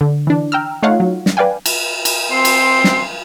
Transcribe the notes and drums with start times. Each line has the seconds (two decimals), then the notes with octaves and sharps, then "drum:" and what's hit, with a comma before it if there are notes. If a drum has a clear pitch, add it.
0.01 D3
0.27 E3 D4
0.52 G5 A#5 E6 F6
0.83 A3 D#4 F4 C#5 F5 F#5
1.00 F#3
1.26 drum: snare
1.37 B4 D5 F5 G5 G#5
1.66 drum: cymbal
2.05 drum: cymbal
2.31 C4 C6
2.45 drum: cymbal
2.84 drum: snare